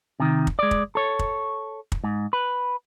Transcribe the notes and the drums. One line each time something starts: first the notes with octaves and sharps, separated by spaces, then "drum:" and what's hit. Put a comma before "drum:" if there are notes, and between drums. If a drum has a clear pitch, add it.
C3 D#3
drum: kick
G#3 D5
drum: kick
A4 C#5
drum: kick
drum: kick
G#2
B4